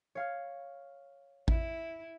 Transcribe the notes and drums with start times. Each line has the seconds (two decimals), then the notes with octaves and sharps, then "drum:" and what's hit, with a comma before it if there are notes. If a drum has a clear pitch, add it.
0.15 C#5 F5
1.48 E4, drum: kick A1